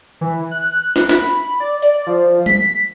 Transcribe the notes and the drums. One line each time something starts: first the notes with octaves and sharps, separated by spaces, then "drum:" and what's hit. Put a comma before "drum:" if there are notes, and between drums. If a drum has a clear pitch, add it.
E3
F#6
drum: snare
B5, drum: snare
D5
D5, drum: hi-hat
F3
B6, drum: tom G3